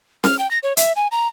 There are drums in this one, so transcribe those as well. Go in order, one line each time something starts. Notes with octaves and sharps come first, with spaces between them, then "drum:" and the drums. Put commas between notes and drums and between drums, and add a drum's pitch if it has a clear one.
F6, drum: snare C#4
G5
A#6
C#5
E5, drum: hi-hat
G#5
A#5